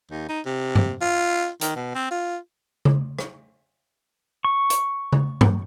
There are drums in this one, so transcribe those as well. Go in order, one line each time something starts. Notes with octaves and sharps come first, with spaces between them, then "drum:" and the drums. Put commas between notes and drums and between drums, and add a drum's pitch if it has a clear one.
D#2
D#4
C3
drum: tom G2
F4
D#3, drum: hi-hat
B2
C4
F4
drum: tom C#3
drum: rim click
C#6
drum: hi-hat
drum: tom C#3
drum: tom G2